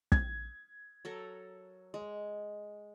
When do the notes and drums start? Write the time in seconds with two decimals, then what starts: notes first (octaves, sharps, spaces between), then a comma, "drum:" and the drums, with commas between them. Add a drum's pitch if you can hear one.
0.12 G#6, drum: kick
1.05 F#3 A4 A#4
1.94 G#3